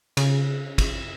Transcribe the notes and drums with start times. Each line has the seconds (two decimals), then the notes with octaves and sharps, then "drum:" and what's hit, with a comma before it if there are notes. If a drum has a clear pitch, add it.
0.17 C#3, drum: cymbal
0.78 drum: kick, cymbal